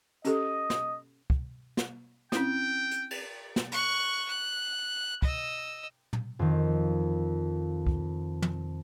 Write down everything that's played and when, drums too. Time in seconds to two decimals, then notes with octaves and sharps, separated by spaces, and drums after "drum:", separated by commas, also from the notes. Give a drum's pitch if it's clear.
0.25 C#4 G4 A4 D#5, drum: hi-hat
0.70 drum: snare
1.30 drum: kick
1.77 drum: snare
2.32 C4 C#4 E4 G5, drum: snare
2.91 drum: hi-hat
3.11 drum: cymbal
3.56 drum: snare
3.72 C#6 F#6, drum: hi-hat
4.28 F#6
5.22 D#5 E6, drum: kick
6.13 drum: tom
6.39 F2 D#3
7.86 drum: kick
8.42 drum: tom